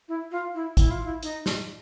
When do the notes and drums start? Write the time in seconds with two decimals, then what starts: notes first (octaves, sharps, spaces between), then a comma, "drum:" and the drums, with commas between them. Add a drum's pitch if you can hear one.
0.08 E4
0.31 F4
0.54 E4
0.77 E4, drum: kick, hi-hat
0.90 F4
1.04 E4
1.23 D#4, drum: hi-hat
1.46 drum: snare